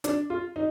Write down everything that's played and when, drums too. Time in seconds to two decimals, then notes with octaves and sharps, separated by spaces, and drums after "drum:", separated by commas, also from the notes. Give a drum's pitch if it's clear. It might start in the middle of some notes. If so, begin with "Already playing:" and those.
0.04 D4, drum: hi-hat
0.30 F4
0.56 D#4